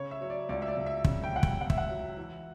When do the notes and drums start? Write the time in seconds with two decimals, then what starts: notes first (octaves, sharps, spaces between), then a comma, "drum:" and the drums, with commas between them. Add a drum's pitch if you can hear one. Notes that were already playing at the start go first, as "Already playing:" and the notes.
Already playing: C#3 C#5
0.11 E5
0.21 F#3 C#5
0.30 D5
0.49 C#2 D5
0.62 E5
0.68 D5
0.77 C#2
0.86 E5
1.05 C#3 E5, drum: kick
1.23 G5
1.32 C#2 F#5
1.43 G5, drum: kick
1.61 C#2 F#5
1.70 E5, drum: kick
1.78 F#5
1.89 F#3
2.17 E3